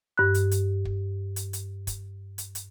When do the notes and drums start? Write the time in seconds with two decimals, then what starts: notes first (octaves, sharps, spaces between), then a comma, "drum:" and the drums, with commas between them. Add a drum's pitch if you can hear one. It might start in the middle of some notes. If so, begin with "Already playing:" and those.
0.18 G2 F#6
0.34 drum: hi-hat
0.51 drum: hi-hat
0.85 drum: kick
1.36 drum: hi-hat
1.53 drum: hi-hat
1.87 drum: kick, hi-hat
2.38 drum: hi-hat
2.55 drum: hi-hat